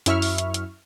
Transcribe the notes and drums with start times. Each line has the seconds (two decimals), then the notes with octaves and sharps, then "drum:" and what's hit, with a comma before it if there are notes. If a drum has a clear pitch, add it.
0.06 F#2 E4 E5 C#6 F6, drum: hi-hat
0.22 drum: open hi-hat
0.38 drum: hi-hat
0.54 drum: hi-hat